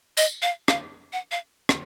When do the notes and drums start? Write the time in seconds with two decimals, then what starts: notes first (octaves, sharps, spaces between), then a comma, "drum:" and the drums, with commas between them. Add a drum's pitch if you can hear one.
0.17 D#5, drum: tambourine
0.42 F5
0.68 F5, drum: rim click
1.13 F#5
1.32 F5
1.69 drum: rim click